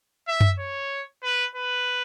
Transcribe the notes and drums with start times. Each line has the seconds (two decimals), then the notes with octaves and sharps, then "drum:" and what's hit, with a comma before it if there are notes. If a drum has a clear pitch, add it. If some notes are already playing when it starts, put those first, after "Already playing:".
0.28 E5
0.41 drum: tom F#2
0.59 C#5
1.23 B4
1.55 B4